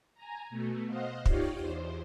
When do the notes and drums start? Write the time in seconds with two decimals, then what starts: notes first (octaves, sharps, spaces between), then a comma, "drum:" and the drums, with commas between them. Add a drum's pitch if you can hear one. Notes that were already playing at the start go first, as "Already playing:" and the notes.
0.14 G#5 A#5
0.50 B2 A3
0.86 C5 D#5 F5 F#5
1.26 D#4 F4 G4 C#5 D5, drum: kick
1.54 E2 C5